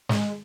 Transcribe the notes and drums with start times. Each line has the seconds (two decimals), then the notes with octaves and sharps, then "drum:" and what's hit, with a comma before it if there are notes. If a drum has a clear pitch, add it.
0.09 G#3, drum: snare